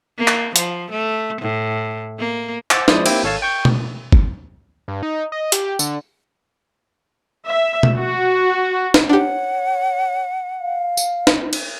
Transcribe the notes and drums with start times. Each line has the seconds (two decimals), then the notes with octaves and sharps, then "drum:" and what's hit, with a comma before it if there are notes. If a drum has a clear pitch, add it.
0.18 A#3
0.28 drum: clap
0.56 F3, drum: hi-hat
0.91 A3
1.42 A2
2.19 A#3
2.71 C5 F#5 D6 E6 A6, drum: clap
2.88 F3 G#3 E4 C5 D5 D#6, drum: snare
3.06 A#3 C4 E4 G4 G5, drum: cymbal
3.23 G#1 A4 C#5 F5 A5
3.42 G5 C#6 G6
3.65 drum: tom B2
4.12 drum: kick
4.88 G2
5.03 D#4
5.32 D#5
5.52 G4, drum: hi-hat
5.79 D3, drum: tambourine
7.44 E5
7.83 drum: tom B2
7.97 F#4
8.94 drum: snare
9.09 D4 G4 C#5 F#5
10.60 F5
10.97 drum: tambourine
11.27 drum: snare
11.53 drum: cymbal